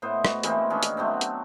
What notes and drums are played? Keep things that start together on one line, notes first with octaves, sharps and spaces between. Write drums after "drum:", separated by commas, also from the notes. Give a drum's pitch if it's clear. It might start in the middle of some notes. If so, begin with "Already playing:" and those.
A2 B3 C5 D#5
F#4, drum: rim click
E3 G#3 A#3 C4, drum: hi-hat
D#3 G#3 C#4 D4
drum: hi-hat
F#3 A3 B3 C4
drum: hi-hat